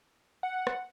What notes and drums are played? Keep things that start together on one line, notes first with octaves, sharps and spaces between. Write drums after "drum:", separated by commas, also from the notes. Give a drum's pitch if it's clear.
F#5
drum: rim click